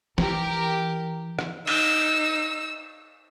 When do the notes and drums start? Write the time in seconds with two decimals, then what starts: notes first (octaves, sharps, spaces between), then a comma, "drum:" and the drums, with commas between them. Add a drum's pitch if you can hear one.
0.18 E3 G4 A#4, drum: snare
1.39 drum: rim click
1.67 D#4 E6, drum: cymbal